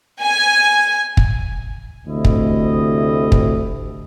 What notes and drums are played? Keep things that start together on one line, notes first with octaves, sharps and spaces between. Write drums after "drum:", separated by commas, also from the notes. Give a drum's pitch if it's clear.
G#5
drum: kick
D2 C3 A3 E4 D#5
drum: kick
drum: kick